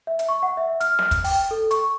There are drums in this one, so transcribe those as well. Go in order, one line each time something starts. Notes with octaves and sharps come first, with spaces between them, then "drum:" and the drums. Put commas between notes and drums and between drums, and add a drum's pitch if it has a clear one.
E5
drum: hi-hat
C#6
F#5
E5
F6, drum: hi-hat
F6, drum: snare
drum: kick, hi-hat
G5, drum: open hi-hat
A4
C#6, drum: hi-hat